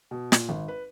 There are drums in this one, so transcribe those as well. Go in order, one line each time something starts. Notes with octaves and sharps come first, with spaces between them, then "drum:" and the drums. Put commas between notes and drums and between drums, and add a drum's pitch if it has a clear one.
B2
A#2, drum: snare
G#1
B4